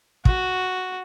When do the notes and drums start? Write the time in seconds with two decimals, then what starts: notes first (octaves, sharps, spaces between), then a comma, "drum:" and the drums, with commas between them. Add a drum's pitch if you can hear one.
0.25 F#4, drum: kick